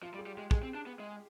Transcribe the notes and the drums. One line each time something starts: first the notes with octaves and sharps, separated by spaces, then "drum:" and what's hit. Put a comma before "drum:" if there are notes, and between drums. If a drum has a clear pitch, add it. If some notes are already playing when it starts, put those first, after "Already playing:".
F3 F4
G3
G#4
G3
G#3 G4
G#3 G#4, drum: kick
C4
D4
B3
G#3